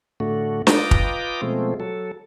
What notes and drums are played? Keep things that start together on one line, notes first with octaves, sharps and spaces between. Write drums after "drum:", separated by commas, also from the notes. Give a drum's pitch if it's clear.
A2 D3 A3 F#4
F4 B4 D#5 G5 A#5 D6, drum: snare
drum: kick
B2 F3 G#3 A3 C4
F#3 A4